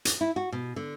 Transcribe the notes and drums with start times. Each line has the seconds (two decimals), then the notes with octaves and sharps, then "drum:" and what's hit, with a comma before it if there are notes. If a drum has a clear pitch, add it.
0.05 drum: hi-hat
0.21 E4
0.36 F#4
0.52 B2
0.76 D3